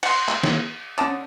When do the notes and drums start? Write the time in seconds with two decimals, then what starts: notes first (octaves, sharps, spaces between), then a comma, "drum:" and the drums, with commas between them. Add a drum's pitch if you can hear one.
0.03 F#5 C6, drum: cymbal
0.28 drum: clap
0.43 drum: snare
0.98 D3 C#4 A5 D#6